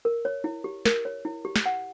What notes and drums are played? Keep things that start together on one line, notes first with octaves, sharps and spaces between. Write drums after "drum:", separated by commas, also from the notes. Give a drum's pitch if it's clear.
A#4
C#5
E4
G4
A#4, drum: snare
C#5
E4
G4
drum: snare
F#5